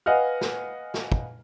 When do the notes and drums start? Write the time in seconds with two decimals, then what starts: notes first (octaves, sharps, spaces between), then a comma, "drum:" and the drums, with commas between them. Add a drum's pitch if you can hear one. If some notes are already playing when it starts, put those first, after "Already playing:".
0.06 B4 D#5 F5 F#5 G#5 F6
0.41 drum: snare
0.94 drum: snare
1.12 drum: kick